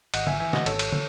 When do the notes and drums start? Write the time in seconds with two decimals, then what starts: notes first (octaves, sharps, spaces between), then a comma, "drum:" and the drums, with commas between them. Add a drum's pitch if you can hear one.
0.14 G#1 D#5 F#5, drum: cymbal
0.27 E5 G#5, drum: tom
0.40 E3 E5 G#5
0.53 D#5 F#5, drum: snare
0.66 G#1 A4 C#5, drum: cymbal
0.79 drum: cymbal
0.92 drum: tom